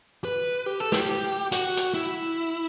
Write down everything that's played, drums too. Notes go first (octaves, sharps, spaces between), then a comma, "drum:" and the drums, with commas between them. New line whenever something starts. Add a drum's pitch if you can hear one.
B4
G4
A4
G4, drum: snare
F#4, drum: hi-hat
drum: hi-hat
E4